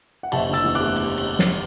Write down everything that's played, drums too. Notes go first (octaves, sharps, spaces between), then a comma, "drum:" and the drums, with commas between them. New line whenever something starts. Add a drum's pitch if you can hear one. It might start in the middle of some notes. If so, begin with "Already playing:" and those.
F#5
F#1 E5 A5, drum: cymbal
D3 E6 A6
E2
D6 F#6, drum: cymbal
A3
drum: cymbal
drum: cymbal
drum: snare